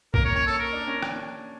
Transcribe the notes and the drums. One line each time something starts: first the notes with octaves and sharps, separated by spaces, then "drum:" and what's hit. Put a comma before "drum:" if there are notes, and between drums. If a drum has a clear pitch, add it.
A#3 A#4, drum: kick
C#5
C#4 C#5
A4
A#4
D4
C#4
drum: rim click